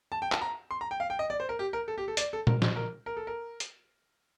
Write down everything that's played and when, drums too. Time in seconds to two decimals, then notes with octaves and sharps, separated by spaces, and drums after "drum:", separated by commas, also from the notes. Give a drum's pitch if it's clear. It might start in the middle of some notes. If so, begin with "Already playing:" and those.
0.12 A5
0.22 G5
0.32 A5, drum: clap
0.41 A#5
0.71 C6
0.81 A#5
0.91 G5
1.00 F5
1.10 G5
1.19 D#5
1.30 D5
1.40 C5
1.49 A#4
1.59 G4
1.73 A#4
1.88 A4
1.98 G4
2.08 A4
2.17 D5, drum: hi-hat
2.33 A4
2.47 A#4, drum: tom A#2
2.62 C5, drum: snare
2.76 A#4
3.06 A#4
3.17 A4
3.27 A#4
3.60 drum: hi-hat